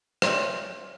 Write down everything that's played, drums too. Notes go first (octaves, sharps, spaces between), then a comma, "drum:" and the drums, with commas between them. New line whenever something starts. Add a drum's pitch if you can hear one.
C#5 D5 E5 G5 C6, drum: rim click